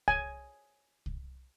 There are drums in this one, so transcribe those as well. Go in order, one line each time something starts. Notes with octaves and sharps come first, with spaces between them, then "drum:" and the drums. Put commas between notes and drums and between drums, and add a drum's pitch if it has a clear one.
G#5, drum: kick C2
drum: kick C2